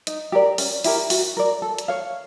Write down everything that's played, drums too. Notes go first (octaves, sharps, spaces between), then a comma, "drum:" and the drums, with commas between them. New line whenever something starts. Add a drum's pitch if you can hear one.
D#4, drum: hi-hat
G4 A#4 D5
C#4, drum: open hi-hat
E4 G4 A#4, drum: open hi-hat
F#4, drum: open hi-hat
A#4 D5
A4
drum: hi-hat
C#5 F5